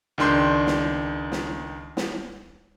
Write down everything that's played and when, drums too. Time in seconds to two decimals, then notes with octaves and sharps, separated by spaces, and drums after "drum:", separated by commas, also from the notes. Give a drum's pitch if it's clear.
0.18 C#2 D#3 D4 C6 G6
0.67 drum: snare
1.32 drum: snare
1.97 drum: snare